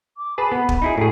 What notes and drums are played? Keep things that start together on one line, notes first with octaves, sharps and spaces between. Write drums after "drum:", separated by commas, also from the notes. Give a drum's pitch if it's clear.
D6
G#4 B4 A5 B5
B3
drum: kick
D#4 E4 G#4
A2 E4 G#4